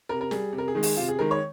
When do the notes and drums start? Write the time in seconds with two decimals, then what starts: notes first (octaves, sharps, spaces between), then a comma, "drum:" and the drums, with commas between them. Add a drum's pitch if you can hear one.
0.09 C3 A#4
0.21 A#4
0.31 G3 G#4, drum: snare
0.53 C3
0.58 A#4
0.68 G#4
0.75 D#3 G#3
0.83 G#4, drum: open hi-hat
0.97 C3 F4
1.08 G#4
1.19 D#3 G#3 A#4
1.31 C#5